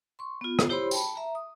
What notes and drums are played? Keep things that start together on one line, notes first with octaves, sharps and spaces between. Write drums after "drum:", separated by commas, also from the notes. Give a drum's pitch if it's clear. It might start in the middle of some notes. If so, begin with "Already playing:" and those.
C6 C#6
B3 F4
drum: rim click
E4 G4 C5 C#5 B5 C6
G5 A5 B5, drum: tambourine
E5 A#5
D#6